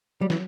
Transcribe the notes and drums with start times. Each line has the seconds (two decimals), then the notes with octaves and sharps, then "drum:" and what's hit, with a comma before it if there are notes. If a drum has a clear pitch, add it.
0.21 F#3 G3
0.30 E3, drum: snare